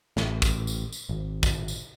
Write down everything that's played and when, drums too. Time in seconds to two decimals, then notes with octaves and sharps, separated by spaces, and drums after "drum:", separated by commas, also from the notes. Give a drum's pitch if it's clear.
0.17 A1, drum: snare
0.42 drum: kick, tambourine
0.67 drum: tambourine
0.92 drum: tambourine
1.09 G#1
1.43 drum: kick, tambourine
1.68 drum: tambourine